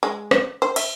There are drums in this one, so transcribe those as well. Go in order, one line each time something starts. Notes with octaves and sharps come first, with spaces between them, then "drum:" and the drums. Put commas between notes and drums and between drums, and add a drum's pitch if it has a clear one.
G#3
drum: rim click
C5
E5, drum: cymbal